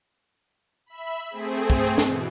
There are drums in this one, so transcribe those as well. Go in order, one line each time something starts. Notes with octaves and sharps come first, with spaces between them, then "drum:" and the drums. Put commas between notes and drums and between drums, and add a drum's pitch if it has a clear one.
E5 B5
A3 C4 G#4
drum: kick
B2 E3, drum: snare